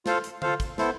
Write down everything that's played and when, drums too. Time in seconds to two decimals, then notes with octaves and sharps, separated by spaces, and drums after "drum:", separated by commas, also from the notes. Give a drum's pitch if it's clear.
0.06 F4 A4 C5 F5, drum: snare
0.24 drum: hi-hat
0.42 F4 A4 C5 F5, drum: tom D3
0.60 drum: kick, hi-hat
0.78 B3 E4 A4 C5, drum: snare